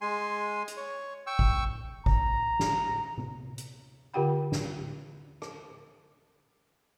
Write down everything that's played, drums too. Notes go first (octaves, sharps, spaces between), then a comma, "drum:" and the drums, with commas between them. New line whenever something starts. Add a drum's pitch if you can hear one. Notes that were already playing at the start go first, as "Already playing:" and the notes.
G#3 G#5 C6
drum: hi-hat
C#5
G5 C#6 E6
drum: kick G#1
A#5, drum: kick G#1
drum: snare
drum: tom C3
drum: hi-hat
D3 F4 G4 F#5 G5 B5
drum: snare
drum: rim click